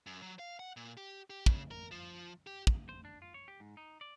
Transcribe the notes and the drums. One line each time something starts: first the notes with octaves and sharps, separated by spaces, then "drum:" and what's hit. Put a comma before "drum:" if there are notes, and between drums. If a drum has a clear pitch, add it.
F#2
F#3
F5
F#5
A#2
G4
G4
C#3, drum: kick
A#4
F3
G4
drum: kick
C5
D4
F4
C#5
G4
G#2
D#4
D5